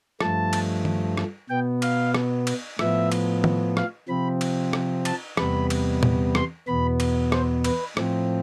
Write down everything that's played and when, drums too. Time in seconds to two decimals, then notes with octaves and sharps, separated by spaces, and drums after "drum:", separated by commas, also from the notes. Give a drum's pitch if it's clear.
0.21 G2 F3 A3 A5, drum: rim click
0.53 drum: cymbal
0.85 drum: tom D#3
1.17 drum: rim click
1.50 B2 B3 G5
1.82 F5, drum: cymbal
2.15 drum: rim click
2.47 drum: cymbal
2.79 A2 F3 B3 E5, drum: rim click
3.12 drum: cymbal
3.44 drum: tom D#3
3.77 F5, drum: rim click
4.08 C3 F3 C4 B5
4.41 drum: cymbal
4.73 drum: rim click
5.05 A5, drum: cymbal
5.37 E2 C3 G3 B3 B5, drum: rim click
5.70 drum: cymbal
6.03 drum: tom A#2
6.35 C6, drum: rim click
6.67 E2 B2 B3 B5
7.00 drum: cymbal
7.32 C5, drum: rim click
7.64 B4, drum: cymbal
7.97 A2 F3 C4, drum: rim click